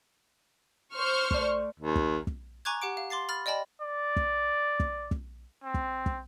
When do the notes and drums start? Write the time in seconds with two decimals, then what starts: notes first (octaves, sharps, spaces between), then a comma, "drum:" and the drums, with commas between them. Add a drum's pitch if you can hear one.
0.94 C5 C#6 F6
1.31 A3 D5, drum: kick
1.80 D#2
1.95 drum: kick
2.27 drum: kick
2.65 G#5 A#5 C#6 D6 F#6 G#6
2.81 G4 F#5 D6 D7
2.97 F5
3.10 C6 D6 A6 C7
3.29 B5 F6 A6
3.46 D5 D#5 G5 A5 B5
3.81 D5
4.16 drum: kick
4.80 drum: kick
5.11 drum: kick
5.63 C4
5.74 drum: kick
6.06 drum: kick